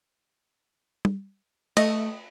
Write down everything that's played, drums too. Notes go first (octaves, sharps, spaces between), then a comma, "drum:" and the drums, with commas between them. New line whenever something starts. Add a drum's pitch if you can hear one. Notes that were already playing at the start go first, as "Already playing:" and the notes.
drum: tom
A3 D#5, drum: cymbal